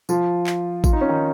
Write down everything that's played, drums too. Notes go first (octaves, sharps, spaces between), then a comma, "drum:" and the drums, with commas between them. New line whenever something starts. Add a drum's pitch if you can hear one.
F3 F4, drum: tambourine
drum: clap
F4, drum: kick A1, tambourine
D#4
C#4
D#3 D#4